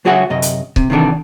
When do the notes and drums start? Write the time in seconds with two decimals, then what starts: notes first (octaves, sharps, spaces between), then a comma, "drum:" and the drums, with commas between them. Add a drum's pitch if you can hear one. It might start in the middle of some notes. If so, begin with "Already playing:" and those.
0.05 C#2 F#3 F#4 G#4 E5 F#5
0.30 F#2 C3 D#5
0.42 drum: hi-hat
0.76 C3, drum: kick C#1
0.90 C3 D#3 E3 D4 A4